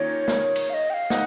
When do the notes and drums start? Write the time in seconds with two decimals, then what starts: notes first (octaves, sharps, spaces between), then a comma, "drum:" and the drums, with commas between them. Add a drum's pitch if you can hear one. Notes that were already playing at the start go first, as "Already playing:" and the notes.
Already playing: D#3 A#3 C#4 F4 C#5
0.28 drum: snare
0.56 drum: cymbal
0.70 F5
0.74 D#5
0.90 G5
0.94 F5
1.10 D#4 F#5, drum: snare